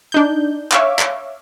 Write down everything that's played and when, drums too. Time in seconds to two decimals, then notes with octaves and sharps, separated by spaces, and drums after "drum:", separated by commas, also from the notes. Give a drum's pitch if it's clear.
0.12 D4 D#4 G6
0.72 C#5 E5 F5 D6, drum: clap
0.99 drum: clap